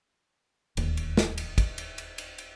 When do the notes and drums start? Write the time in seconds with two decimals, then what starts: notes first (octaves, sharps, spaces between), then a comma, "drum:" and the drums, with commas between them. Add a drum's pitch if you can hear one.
0.77 D1 D#2, drum: cymbal
0.97 drum: cymbal
1.17 drum: snare
1.38 drum: cymbal
1.58 drum: kick, cymbal
1.78 drum: cymbal
1.98 drum: cymbal
2.18 drum: cymbal
2.38 drum: cymbal